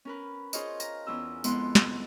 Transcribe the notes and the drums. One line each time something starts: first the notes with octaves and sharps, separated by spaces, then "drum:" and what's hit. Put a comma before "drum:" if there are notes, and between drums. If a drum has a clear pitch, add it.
C#4 A#4 B4
F4 G#4 C5 C#5 D#5 F5, drum: tambourine
A#5, drum: tambourine
E2 C#4 F4 E6
F2 G#3 B3 E4 F#5 C6, drum: tambourine
drum: snare